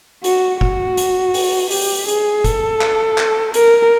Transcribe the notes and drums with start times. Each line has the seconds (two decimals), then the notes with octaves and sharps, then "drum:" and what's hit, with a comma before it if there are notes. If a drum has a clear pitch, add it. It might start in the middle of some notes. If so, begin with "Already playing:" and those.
0.24 F#4, drum: hi-hat
0.61 F#4, drum: kick
0.97 drum: hi-hat
1.34 drum: open hi-hat
1.71 G4, drum: open hi-hat
2.08 G#4, drum: hi-hat
2.44 A4, drum: kick, hi-hat
2.81 drum: clap
3.18 drum: clap
3.54 A#4, drum: hi-hat